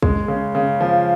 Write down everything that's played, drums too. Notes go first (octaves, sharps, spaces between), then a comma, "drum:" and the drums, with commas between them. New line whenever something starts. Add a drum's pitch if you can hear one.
G#3, drum: kick
C#3
C#3
F3